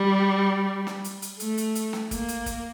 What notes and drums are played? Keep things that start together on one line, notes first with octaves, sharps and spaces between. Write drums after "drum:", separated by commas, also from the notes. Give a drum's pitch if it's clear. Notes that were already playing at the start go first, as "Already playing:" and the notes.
Already playing: G3
drum: snare
drum: hi-hat
drum: hi-hat
A3, drum: hi-hat
drum: hi-hat
drum: hi-hat
drum: snare
A#3, drum: kick, hi-hat
drum: hi-hat
drum: kick, hi-hat